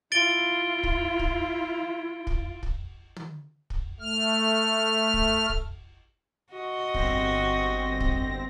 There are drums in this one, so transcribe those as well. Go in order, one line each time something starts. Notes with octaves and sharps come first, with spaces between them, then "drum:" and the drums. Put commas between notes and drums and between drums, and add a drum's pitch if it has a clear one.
E4 F4 A6 D7 G7
drum: kick
drum: kick
drum: kick
drum: kick
drum: tom
drum: kick
A3 F6
drum: kick
drum: kick
F#4 D#5
G1 C4 A#6, drum: kick
drum: kick